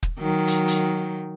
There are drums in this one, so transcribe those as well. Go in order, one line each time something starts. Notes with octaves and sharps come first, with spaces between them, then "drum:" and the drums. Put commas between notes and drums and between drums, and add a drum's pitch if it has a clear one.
drum: kick
D#3 F#3
drum: hi-hat
drum: hi-hat